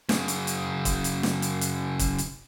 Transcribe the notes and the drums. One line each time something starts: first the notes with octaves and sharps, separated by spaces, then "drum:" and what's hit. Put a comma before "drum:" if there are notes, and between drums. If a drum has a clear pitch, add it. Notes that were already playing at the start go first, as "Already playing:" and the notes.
F#2 C#3, drum: snare
drum: hi-hat
drum: hi-hat
drum: kick, hi-hat
drum: hi-hat
drum: snare
drum: hi-hat
drum: hi-hat
drum: kick, hi-hat
drum: hi-hat